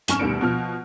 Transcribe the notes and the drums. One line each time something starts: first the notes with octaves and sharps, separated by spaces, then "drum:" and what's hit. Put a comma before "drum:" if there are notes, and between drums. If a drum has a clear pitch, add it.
G#1 F#2 G#5 C#6 F6 E7, drum: hi-hat
D2 B2 D#3 G3 C#7 D7
B2 F3 F6